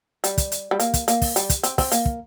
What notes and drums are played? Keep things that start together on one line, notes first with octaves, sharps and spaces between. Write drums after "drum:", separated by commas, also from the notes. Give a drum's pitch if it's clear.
G3, drum: hi-hat
drum: kick, hi-hat
drum: hi-hat
G3
A#3, drum: hi-hat
drum: kick, hi-hat
A#3, drum: hi-hat
drum: kick, open hi-hat
G3, drum: hi-hat
drum: kick, hi-hat
C4, drum: hi-hat
C4, drum: kick, open hi-hat
A#3, drum: hi-hat
drum: kick